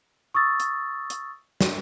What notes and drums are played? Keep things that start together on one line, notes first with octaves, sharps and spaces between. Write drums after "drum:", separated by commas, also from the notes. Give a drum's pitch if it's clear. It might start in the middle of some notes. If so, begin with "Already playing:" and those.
C#6 D#6 E6 A6
drum: hi-hat
drum: hi-hat
drum: snare